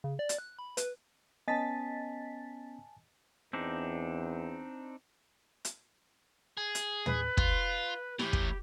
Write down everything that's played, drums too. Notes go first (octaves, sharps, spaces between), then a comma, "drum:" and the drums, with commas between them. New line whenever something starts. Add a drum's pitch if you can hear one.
C#3
D5
drum: hi-hat
F#6
B5
B4, drum: hi-hat
B3 C#4 D#5 G#5 A5 A6 B6
E2 C4 D4 D#4
drum: hi-hat
G#4
drum: hi-hat
B4, drum: tom
F4, drum: kick
A2 E3 G4, drum: snare E4
drum: kick